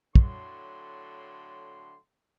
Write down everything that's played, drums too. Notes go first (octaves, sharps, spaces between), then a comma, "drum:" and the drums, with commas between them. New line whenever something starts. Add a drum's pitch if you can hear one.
A2 D3 F#3 C6, drum: kick